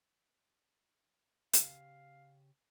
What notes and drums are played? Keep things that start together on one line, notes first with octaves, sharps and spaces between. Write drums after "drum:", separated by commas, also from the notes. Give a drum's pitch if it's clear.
C#3 C#4 G4 F5, drum: hi-hat